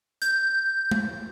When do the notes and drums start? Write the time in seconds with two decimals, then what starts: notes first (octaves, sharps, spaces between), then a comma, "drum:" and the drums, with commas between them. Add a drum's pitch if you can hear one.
0.22 G6, drum: hi-hat
0.91 drum: tom G#3